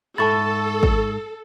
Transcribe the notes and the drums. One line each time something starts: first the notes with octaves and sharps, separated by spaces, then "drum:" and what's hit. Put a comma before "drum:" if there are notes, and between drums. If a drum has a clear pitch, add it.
G#2 A4 E5 A5 B5 C#6 A6
drum: kick